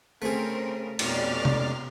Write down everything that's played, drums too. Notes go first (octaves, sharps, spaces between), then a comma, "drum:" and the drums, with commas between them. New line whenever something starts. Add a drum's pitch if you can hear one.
C#3 A3 C4 G#4 A#4
F2 B2 C#4 G4 D5 A#5 D6 F6, drum: cymbal
drum: tom C3